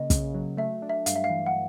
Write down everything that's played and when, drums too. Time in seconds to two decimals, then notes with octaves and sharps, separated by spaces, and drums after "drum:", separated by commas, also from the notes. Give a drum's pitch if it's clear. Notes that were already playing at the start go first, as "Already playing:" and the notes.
Already playing: C#3 A#3 D#5
0.10 C#3, drum: kick, hi-hat
0.34 F#3
0.57 A3 E5
0.82 D4
0.90 E5
1.06 G2 F5, drum: hi-hat
1.16 E5
1.24 F5
1.30 E3
1.46 F#5